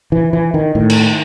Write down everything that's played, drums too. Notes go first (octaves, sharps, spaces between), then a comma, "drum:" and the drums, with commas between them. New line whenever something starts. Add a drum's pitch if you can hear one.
E3
E3
D#3
A2 D#3
drum: cymbal